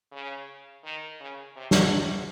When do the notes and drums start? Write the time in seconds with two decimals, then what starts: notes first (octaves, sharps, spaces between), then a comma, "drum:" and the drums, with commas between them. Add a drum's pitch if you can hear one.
0.12 C#3
0.84 D#3
1.20 C#3
1.56 C3
1.71 drum: snare
1.92 C3